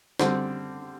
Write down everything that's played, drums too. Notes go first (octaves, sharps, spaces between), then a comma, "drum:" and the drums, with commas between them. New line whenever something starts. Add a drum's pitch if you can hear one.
D3 G3 C4, drum: snare